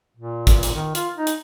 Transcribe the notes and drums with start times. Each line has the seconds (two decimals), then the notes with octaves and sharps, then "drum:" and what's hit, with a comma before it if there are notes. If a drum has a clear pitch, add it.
0.17 A#2
0.47 drum: kick, hi-hat
0.63 drum: hi-hat
0.75 D#3
0.95 F4, drum: hi-hat
1.17 D#4
1.27 drum: hi-hat